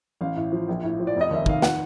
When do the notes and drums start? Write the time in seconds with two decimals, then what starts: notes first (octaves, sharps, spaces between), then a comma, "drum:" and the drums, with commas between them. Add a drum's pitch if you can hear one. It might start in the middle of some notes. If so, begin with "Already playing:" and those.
0.21 A1 F5
0.36 A2
0.52 F3
0.68 A#1
0.83 A2
0.99 F3
1.07 D5
1.16 F1
1.21 D#5
1.31 D#2 E5
1.46 D#3 F5, drum: kick
1.62 F#5, drum: snare